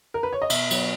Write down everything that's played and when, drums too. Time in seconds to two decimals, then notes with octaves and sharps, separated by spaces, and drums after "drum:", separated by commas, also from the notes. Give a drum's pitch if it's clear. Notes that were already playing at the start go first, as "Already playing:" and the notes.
0.14 A#4
0.23 B4
0.33 C#5
0.42 D#5
0.50 B2 E5, drum: cymbal
0.71 F#3 B3, drum: cymbal